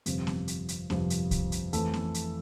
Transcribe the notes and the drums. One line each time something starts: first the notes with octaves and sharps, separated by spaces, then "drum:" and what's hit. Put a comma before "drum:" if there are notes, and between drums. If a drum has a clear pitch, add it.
G1 F2 C3 F3, drum: hi-hat
drum: snare B3
drum: hi-hat
drum: hi-hat
G1 F2 C3 F3, drum: snare B3
drum: hi-hat
drum: kick B1, hi-hat
drum: hi-hat
F2 E3 A3 A4, drum: hi-hat
drum: snare B3
drum: hi-hat